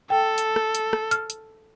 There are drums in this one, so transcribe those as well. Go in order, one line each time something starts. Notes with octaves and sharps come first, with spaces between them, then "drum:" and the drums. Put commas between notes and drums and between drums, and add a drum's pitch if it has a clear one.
A4 G5
drum: hi-hat
drum: rim click
drum: hi-hat
drum: rim click
F6, drum: hi-hat
drum: hi-hat